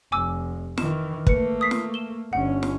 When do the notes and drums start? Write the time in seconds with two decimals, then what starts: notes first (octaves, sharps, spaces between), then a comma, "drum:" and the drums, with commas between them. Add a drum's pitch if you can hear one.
0.12 F1 G#5 D6 E6
0.78 D#3 E3 E7, drum: snare
1.27 A3 A#3 B4 C#7, drum: kick
1.61 D#6 B6 C7
1.71 drum: snare
1.94 E7 G7
2.33 G1 C#4 F#5
2.63 drum: snare